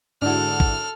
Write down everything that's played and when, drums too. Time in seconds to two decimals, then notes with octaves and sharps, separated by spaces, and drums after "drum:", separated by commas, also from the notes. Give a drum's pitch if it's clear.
0.22 G#2 D3 D4 E4 F#4 A4 F6
0.60 drum: kick A1